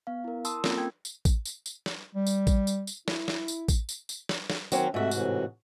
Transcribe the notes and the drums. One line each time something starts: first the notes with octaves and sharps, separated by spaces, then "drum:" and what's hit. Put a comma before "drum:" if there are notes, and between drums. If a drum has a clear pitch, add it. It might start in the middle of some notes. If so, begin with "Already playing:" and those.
B3 F5
E4 A#4
A5 C6 D#6 E6, drum: tambourine
A#3 C4 C#4 F4 A4 A#4, drum: snare
G5 E6 G#6
drum: tambourine
drum: kick A1, tambourine
drum: tambourine
drum: tambourine
drum: snare
G3
drum: tambourine
drum: kick A1, tambourine
drum: tambourine
drum: tambourine
E4, drum: snare
drum: snare
drum: tambourine
drum: kick A1, tambourine
drum: tambourine
drum: tambourine
drum: snare
drum: snare
D#3 F#3 C4 C#4, drum: tambourine
G#2 C3 A3 F#4 E5
A2 C3 E3, drum: tambourine